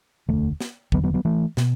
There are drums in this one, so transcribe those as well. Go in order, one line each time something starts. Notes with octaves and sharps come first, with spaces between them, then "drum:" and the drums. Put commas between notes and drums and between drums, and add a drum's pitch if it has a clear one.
E1 D2 D3 E3 A3
drum: snare
E1 E2 D3 F#3 B3, drum: kick
F#3 B3
F#3 B3
E3 A3
B2, drum: snare